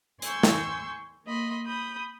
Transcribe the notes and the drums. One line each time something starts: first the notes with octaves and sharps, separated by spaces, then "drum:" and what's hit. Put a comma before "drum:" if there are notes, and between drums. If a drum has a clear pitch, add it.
G#5 C6 C#6 E6 G6, drum: hi-hat
drum: snare
A#3 D#5 B5 C6
B5 D#6 G6